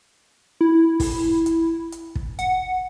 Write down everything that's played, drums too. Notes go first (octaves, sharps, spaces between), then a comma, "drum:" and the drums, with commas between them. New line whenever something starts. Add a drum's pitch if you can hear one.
E4
drum: kick, open hi-hat
drum: hi-hat
drum: hi-hat
drum: kick
F#5, drum: hi-hat